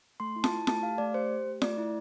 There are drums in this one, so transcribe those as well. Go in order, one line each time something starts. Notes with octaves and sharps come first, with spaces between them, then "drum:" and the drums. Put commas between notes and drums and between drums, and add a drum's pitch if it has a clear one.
A3 C6
E4
A5, drum: snare F4
E4
A3 A5, drum: snare F4
G4 F5
A3 D5
G4 C5
G4
A3
A3 D5, drum: snare F4
E4